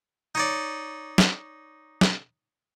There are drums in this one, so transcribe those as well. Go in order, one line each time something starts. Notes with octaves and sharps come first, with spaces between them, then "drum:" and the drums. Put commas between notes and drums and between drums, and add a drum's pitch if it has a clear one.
D#4 C#5 D5
drum: snare
drum: snare